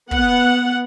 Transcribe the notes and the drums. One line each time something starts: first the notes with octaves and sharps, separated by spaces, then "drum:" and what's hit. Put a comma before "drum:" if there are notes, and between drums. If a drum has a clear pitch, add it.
B3 F#5, drum: kick